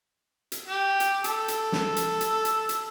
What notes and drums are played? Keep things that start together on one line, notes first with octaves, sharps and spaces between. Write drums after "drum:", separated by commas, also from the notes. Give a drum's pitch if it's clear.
drum: hi-hat
G4
drum: hi-hat
A4, drum: hi-hat
drum: hi-hat
drum: snare
drum: hi-hat
drum: hi-hat
drum: hi-hat
drum: hi-hat